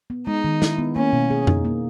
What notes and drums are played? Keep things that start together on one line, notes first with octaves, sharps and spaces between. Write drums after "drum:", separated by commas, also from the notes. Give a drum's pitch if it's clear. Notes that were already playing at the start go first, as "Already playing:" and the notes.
B3
G#3 D#4
D#3
E4, drum: snare
B3
A#3 C#4
B2
G#4
D#4, drum: tom F2
A#3